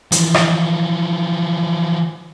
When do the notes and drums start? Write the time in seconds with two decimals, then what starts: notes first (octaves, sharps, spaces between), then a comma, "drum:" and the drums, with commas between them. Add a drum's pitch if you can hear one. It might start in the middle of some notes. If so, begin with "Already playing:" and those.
0.12 E3 F3, drum: hi-hat
0.34 drum: rim click